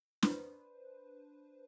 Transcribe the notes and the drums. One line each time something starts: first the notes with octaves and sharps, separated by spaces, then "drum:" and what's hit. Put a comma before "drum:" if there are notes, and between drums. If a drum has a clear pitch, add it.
D4 B4 C5, drum: snare